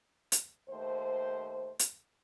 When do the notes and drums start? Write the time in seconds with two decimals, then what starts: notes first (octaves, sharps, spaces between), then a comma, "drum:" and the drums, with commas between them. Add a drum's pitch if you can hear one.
0.32 drum: hi-hat
0.69 D#2 A3 C5
1.79 drum: hi-hat